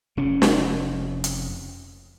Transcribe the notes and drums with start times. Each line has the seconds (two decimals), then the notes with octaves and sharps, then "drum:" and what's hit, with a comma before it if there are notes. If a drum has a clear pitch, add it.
0.17 F1 C#3 C#4
0.42 drum: snare
1.24 drum: hi-hat